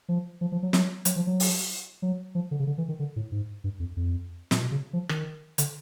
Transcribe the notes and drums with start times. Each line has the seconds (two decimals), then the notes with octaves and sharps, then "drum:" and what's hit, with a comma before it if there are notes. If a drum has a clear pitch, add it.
0.09 F3
0.41 F3
0.52 F3
0.63 F#3
0.73 F#3, drum: snare
1.05 F#3, drum: hi-hat
1.16 F3
1.27 F#3
1.40 drum: open hi-hat
2.02 F#3
2.35 F3
2.51 D3
2.59 C#3
2.67 D3
2.78 E3
2.88 D#3
2.99 D3
3.16 A2
3.32 G#2
3.64 G2
3.80 F2
3.97 F2
4.51 A#2, drum: snare
4.61 B2
4.72 C#3
4.93 F3
5.09 D#3, drum: rim click
5.58 D3, drum: hi-hat